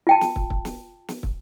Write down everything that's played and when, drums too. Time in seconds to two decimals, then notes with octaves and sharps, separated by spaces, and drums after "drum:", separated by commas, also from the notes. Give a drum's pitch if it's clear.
0.07 F4 G5 A5
0.21 drum: snare
0.36 drum: kick
0.50 drum: kick
0.65 drum: snare
1.08 drum: snare
1.23 drum: kick